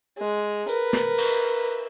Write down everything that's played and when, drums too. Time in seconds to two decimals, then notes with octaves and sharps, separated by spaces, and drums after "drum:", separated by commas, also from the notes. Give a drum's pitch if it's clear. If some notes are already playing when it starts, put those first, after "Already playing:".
0.18 G#3
0.68 A#4 B4, drum: hi-hat
0.93 drum: snare
1.18 drum: cymbal